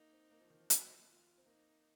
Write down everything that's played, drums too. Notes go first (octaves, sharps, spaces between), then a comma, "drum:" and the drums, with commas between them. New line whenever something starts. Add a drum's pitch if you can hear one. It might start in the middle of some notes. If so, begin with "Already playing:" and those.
Already playing: A#3 D#4
C4
A#3
F3
D#3
F3
A#3, drum: hi-hat
F4
C4
A#3 D#4